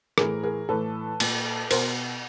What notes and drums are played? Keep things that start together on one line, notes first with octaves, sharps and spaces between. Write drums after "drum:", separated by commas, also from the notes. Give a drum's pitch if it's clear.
A2 E3 G#4 A#4, drum: rim click
G#4 A#4
A2 E3 A4 B4
A#2, drum: cymbal
B2 A#4 C5, drum: cymbal